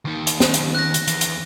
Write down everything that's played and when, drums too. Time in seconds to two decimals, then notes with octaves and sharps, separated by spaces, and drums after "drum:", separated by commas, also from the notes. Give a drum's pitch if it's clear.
0.05 D#2 D#3
0.27 drum: hi-hat
0.40 drum: snare
0.54 drum: hi-hat
0.75 F#6 A#6
0.94 drum: hi-hat
1.08 E2, drum: hi-hat
1.21 drum: hi-hat